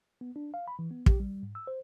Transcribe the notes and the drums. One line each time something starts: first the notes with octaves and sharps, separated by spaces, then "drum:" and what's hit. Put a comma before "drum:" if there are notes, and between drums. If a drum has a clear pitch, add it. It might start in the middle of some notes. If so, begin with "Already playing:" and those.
B3
D4
F5
B5
E3
B3
G4, drum: kick
G3
G#2
E6
C5